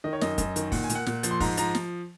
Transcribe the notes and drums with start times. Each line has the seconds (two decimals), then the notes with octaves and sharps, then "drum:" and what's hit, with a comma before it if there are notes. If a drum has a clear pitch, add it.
0.04 D#3 D#5
0.13 C#5
0.21 F#2 D#5, drum: snare
0.38 F#2, drum: kick, hi-hat
0.56 D#3, drum: hi-hat
0.72 A#2 F#5, drum: kick, open hi-hat
0.84 G#5
0.89 A#2, drum: hi-hat
0.95 F#5
1.06 A#2, drum: snare
1.23 F3, drum: hi-hat
1.31 C6
1.40 G#2 A#5, drum: kick, open hi-hat
1.57 F3 A#5, drum: hi-hat
1.75 drum: snare